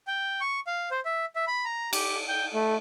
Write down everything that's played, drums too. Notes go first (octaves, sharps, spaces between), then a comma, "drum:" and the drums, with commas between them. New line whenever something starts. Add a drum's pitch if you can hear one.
G5
C#6
F5
C5
E5
E5
B5
A#5
G4, drum: cymbal
G5
A3